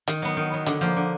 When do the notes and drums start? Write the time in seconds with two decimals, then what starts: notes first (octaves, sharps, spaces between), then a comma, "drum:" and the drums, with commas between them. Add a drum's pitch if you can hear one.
0.07 D#3, drum: hi-hat
0.22 F#3 B3
0.37 D#3
0.52 F#3 B3
0.66 D3, drum: hi-hat
0.81 F3 A#3
0.97 D3